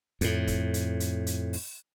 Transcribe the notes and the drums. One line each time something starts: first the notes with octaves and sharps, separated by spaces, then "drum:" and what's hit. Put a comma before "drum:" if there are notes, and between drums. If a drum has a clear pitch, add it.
F2 A2, drum: hi-hat
drum: kick, hi-hat
drum: hi-hat
drum: hi-hat
drum: hi-hat
drum: open hi-hat